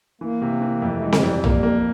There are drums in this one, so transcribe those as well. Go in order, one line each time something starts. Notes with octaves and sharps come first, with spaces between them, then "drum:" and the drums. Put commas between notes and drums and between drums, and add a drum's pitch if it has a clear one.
E3 A#3
C3
E3
F2 A3
A3
E3 G#3
drum: snare C4
F2 G3
G3 A#3, drum: tom A#1
A#3